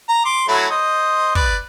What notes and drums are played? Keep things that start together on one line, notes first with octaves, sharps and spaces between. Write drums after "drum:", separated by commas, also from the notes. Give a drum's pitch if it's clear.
A#5
C6 D6
F#3 A3 E4
C5 D#5
B4 D5, drum: kick